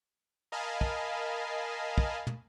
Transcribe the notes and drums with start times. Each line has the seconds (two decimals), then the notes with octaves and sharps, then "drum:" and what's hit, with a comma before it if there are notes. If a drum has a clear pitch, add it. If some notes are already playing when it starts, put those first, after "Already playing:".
0.52 A#4 D#5 F5 G#5 A5 B5
0.81 drum: kick
1.98 drum: kick
2.27 drum: tom